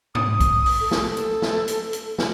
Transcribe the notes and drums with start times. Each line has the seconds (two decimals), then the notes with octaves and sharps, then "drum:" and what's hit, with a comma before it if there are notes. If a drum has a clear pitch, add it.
0.15 D#6, drum: tom G#2
0.40 drum: kick B1, hi-hat
0.66 drum: open hi-hat
0.81 A4
0.91 drum: snare
1.17 drum: hi-hat
1.42 drum: snare
1.68 drum: hi-hat
1.93 drum: hi-hat
2.18 drum: snare